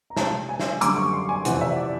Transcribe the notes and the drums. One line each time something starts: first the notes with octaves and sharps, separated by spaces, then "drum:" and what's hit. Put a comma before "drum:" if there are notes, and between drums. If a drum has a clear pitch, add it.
A#5
C3 F3 G#3 A5, drum: snare
G#5
drum: snare
F#2 D3 G3 D6, drum: hi-hat
C#6
C6
G#5
F2 C3 E3 F#5, drum: hi-hat
E5
D5